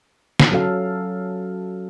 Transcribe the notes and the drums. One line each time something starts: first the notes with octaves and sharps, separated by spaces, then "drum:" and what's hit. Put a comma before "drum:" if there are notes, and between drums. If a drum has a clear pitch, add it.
drum: snare
F#3 C#4 A4 F5